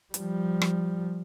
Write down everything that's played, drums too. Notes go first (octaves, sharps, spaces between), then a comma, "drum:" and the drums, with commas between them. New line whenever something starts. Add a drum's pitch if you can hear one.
F3 G3, drum: hi-hat
drum: rim click